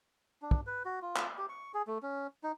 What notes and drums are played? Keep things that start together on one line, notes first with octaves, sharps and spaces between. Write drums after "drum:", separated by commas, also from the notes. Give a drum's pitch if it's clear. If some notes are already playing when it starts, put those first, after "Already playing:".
D4
drum: kick
B4
F#4
F4
drum: clap
G4
C#6
G#4
A3
C#4
D#4